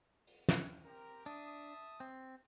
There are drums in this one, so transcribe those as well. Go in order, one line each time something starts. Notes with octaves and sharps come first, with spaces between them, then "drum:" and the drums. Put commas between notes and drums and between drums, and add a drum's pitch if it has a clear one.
drum: open hi-hat
drum: snare
C4 G4 A#4
D4 E5 A5 D#6
C4